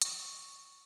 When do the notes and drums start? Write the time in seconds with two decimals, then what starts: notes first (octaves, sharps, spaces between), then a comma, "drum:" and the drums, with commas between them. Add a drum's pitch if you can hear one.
0.01 C#6, drum: hi-hat